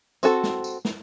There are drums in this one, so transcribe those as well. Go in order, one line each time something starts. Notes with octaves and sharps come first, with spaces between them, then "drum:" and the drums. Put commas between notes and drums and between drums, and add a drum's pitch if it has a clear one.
C4 F#4 A4, drum: tambourine
drum: snare
drum: tambourine
drum: snare